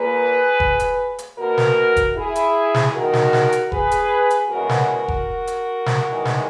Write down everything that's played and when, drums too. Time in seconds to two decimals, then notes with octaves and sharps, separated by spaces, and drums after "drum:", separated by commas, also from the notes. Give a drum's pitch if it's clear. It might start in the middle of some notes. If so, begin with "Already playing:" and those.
Already playing: A#2 A#3 G#4 B4
0.60 drum: kick F1
0.79 drum: hi-hat
1.18 drum: hi-hat
1.38 B2 A#3 F#4 A#4
1.57 drum: snare
1.96 drum: kick F1, hi-hat
2.15 E4 G#4
2.35 drum: hi-hat
2.74 drum: snare
2.93 D#2 D#3 G#3 F#4 A#4
3.13 drum: snare
3.33 drum: snare
3.52 drum: hi-hat
3.72 G#4 B4, drum: kick F1
3.91 drum: hi-hat
4.30 drum: hi-hat
4.49 E2 C#3 G#3 B3 F#4 A#4
4.69 drum: snare
5.08 drum: kick F1
5.47 drum: hi-hat
5.86 drum: snare
6.06 E2 D#3 G#3
6.25 drum: snare